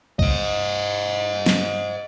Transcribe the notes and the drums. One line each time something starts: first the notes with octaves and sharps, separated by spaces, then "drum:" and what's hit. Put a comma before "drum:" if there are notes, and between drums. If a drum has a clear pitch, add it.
C5 D#5, drum: kick
drum: snare